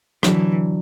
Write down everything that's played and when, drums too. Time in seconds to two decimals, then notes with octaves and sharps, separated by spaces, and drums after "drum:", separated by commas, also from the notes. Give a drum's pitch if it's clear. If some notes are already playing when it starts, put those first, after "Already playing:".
0.23 D3 E3 F#3 D4, drum: rim click